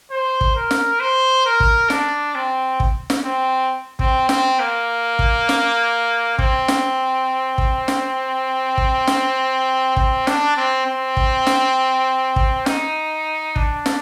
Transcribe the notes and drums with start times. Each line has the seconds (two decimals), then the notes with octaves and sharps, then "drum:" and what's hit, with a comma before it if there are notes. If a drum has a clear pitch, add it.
0.11 C5
0.41 drum: kick
0.56 A#4
0.71 drum: snare
1.00 C5
1.46 A#4
1.60 drum: kick
1.90 D4, drum: snare
2.35 C4
2.80 drum: kick
3.10 drum: snare
3.24 C4
3.99 C4, drum: kick
4.29 C4, drum: snare
4.60 A#3
5.19 drum: kick
5.49 drum: snare
6.39 C4, drum: kick
6.68 drum: snare
7.58 drum: kick
7.88 drum: snare
8.78 drum: kick
9.07 drum: snare
9.97 C4, drum: kick
10.27 D4, drum: snare
10.57 C4
10.86 C4
11.17 drum: kick
11.47 drum: snare
12.36 drum: kick
12.66 D#4, drum: snare
13.56 D4, drum: kick
13.86 drum: snare